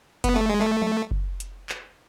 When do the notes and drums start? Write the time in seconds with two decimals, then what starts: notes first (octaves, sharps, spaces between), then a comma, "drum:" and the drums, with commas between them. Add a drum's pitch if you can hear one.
0.24 B3, drum: kick F#1, hi-hat
0.36 A3
0.49 G#3
0.61 A3
0.82 drum: tom
1.11 drum: kick F#1
1.40 drum: hi-hat
1.69 drum: clap